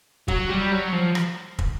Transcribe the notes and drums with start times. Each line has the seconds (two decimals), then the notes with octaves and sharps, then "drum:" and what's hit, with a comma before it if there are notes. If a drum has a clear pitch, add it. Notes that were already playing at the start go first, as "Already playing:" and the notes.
0.28 F#3, drum: kick
0.49 G3
0.72 F#3
0.93 F3
1.15 drum: rim click
1.59 drum: kick